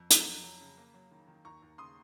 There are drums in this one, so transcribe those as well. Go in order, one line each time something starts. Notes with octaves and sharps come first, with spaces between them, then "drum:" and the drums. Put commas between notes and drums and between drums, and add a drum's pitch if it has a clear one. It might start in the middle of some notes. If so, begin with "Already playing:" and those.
Already playing: F2
F#3, drum: hi-hat
F#3
F#3
C#3
A#3
F#3
D#3
D#3
D#2 A#5 C#6
D#2
C#3 C6 D#6